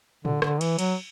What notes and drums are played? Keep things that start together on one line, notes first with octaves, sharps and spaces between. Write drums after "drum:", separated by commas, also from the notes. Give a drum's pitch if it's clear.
D3, drum: tom A2
D3, drum: rim click
E3, drum: cymbal
F#3, drum: cymbal